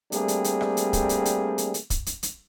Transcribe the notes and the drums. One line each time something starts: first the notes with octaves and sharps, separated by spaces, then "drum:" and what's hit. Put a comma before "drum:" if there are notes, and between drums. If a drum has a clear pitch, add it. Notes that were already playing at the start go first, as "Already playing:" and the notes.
G3 A3 A#3 C4 D4 G#4, drum: hi-hat
drum: hi-hat
drum: hi-hat
drum: rim click
drum: hi-hat
drum: kick, hi-hat
drum: hi-hat
drum: hi-hat
drum: hi-hat
drum: hi-hat
drum: kick, hi-hat
drum: hi-hat
drum: hi-hat